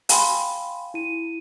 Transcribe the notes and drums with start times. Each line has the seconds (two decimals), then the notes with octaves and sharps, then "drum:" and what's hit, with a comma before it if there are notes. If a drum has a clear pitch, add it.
0.09 F5 G5 G#5 B5 C6, drum: hi-hat
0.94 E4 D#7